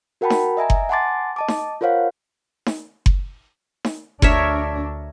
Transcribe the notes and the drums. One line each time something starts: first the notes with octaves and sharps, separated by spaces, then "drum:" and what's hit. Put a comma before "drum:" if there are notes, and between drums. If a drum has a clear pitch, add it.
F#4 A#4 F#5 G5 A5 B5
drum: snare D#4
D#5 E5 G#5 A#5
drum: kick F#1
F#5 G#5 A5 C6 D6 A6
D#5 A5 D6
drum: snare D#4
F4 A#4 C5 C#5 F5 F#5
drum: snare D#4
drum: kick F#1
drum: snare D#4
D2 D4 A#4 C#5 E5, drum: kick F#1